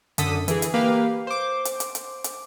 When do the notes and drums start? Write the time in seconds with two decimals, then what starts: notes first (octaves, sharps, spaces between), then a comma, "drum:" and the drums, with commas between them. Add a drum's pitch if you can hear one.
0.18 F#2 D3 A4 D#6 B6 D#7, drum: hi-hat
0.48 E3 G#4, drum: hi-hat
0.62 drum: hi-hat
0.74 A#3 G4 B4 F5
1.27 C5 D6
1.65 drum: hi-hat
1.80 drum: hi-hat
1.95 drum: hi-hat
2.24 drum: hi-hat